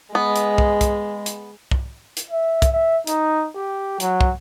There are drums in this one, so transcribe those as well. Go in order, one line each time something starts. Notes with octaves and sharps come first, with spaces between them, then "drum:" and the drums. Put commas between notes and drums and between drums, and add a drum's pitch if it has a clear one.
G#3 B3
drum: hi-hat
drum: kick
drum: kick, hi-hat
drum: hi-hat
drum: kick
drum: hi-hat
E5
drum: kick, hi-hat
E5
D#4, drum: hi-hat
G4
F#3, drum: hi-hat
drum: kick